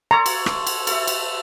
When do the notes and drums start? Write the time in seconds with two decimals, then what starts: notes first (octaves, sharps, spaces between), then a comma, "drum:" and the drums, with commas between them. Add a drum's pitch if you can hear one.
0.11 A4 C#5 A#5 C6
0.26 drum: cymbal
0.46 drum: rim click
0.67 drum: cymbal
0.87 A4 E5, drum: cymbal
1.07 drum: cymbal